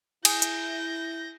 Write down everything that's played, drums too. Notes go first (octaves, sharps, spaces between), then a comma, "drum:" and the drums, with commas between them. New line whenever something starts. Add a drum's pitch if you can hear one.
E4 G#4 G6 A#6, drum: cymbal
drum: hi-hat